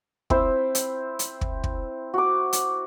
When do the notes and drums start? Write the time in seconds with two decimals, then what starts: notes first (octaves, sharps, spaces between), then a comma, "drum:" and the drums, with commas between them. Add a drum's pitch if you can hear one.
0.30 C4 E4 C5, drum: kick
0.75 drum: hi-hat
1.19 drum: hi-hat
1.41 drum: kick
1.64 drum: kick
2.14 F#4 D6
2.53 drum: hi-hat